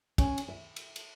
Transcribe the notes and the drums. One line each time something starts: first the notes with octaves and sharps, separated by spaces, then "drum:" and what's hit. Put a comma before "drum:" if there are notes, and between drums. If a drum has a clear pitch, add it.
C#4, drum: kick, cymbal
drum: cymbal
E5
drum: cymbal
drum: cymbal